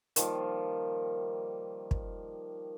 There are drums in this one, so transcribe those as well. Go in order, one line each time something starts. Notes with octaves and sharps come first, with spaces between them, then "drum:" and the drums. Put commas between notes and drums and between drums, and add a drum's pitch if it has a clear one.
D#3 F3 G3 A#3, drum: hi-hat
drum: kick